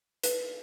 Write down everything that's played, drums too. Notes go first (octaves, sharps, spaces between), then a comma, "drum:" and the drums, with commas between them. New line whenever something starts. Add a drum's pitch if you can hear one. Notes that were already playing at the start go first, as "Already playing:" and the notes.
B4, drum: hi-hat